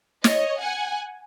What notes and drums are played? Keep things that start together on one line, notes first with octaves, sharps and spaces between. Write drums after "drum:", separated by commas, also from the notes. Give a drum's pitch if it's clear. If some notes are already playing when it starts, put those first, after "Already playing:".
C#5 D#5, drum: snare
F#5 G#5